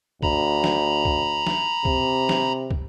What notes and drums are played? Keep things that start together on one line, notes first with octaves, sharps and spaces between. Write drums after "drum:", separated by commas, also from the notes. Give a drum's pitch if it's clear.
D2 A#5 B5, drum: kick
drum: snare
drum: kick
drum: snare
C3, drum: kick
drum: snare
drum: kick